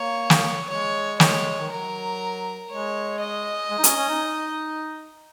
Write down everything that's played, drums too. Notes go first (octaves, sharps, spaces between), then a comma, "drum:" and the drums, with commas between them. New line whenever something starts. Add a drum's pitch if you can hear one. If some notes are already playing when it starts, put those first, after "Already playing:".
Already playing: A#3 C#5
drum: snare
G#3 C#5
C#5, drum: snare
D#3
F#3 A#4
G#3 C#5
D#5
G#3
D#4
C#4, drum: hi-hat
C#4
D#4